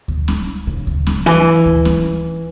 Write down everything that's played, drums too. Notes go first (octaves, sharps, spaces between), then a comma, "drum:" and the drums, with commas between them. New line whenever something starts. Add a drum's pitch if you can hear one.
drum: kick D2
drum: snare C#4
C#3
drum: kick D2
drum: snare C#4
E3
drum: kick D2
drum: snare C#4